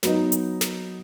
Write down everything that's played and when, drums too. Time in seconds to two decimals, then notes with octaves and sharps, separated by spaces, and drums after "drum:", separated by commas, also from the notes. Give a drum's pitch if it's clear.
0.03 F#3 B3 D#4, drum: snare
0.32 drum: hi-hat
0.61 drum: snare